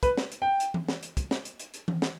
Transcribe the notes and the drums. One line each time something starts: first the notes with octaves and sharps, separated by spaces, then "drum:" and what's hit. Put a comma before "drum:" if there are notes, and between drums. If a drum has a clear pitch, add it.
B4, drum: kick, hi-hat
drum: snare
drum: hi-hat
G5
drum: hi-hat
drum: tom E3
drum: snare
drum: hi-hat
drum: kick, hi-hat
drum: snare
drum: hi-hat
drum: hi-hat
drum: hi-hat
drum: tom E3
drum: snare